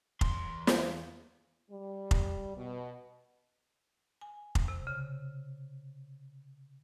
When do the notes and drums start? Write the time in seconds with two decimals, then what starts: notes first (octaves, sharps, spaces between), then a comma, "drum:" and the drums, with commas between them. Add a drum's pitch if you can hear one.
0.21 E2 C6, drum: kick F1
0.67 drum: snare
1.71 G3
2.11 drum: kick F1
2.56 B2
4.21 G#5
4.55 drum: kick F1
4.68 C3
4.87 C#3